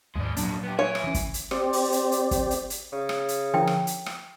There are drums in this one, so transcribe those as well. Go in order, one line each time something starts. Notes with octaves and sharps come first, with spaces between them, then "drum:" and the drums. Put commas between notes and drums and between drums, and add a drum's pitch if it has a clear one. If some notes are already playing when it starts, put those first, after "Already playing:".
D#2 G#2 G#3 D5
F2 A#2 F#3 A#3 D4, drum: hi-hat
B3 G4
C#5 E5 G#5
drum: rim click
E3 C#4
drum: kick, hi-hat
drum: hi-hat
C4 G4 C5 D5, drum: rim click
drum: open hi-hat
drum: hi-hat
drum: hi-hat
drum: kick, hi-hat
drum: hi-hat
drum: hi-hat
C#3
drum: rim click
drum: hi-hat
D3 F3 A#4 G5
drum: rim click
drum: hi-hat
drum: rim click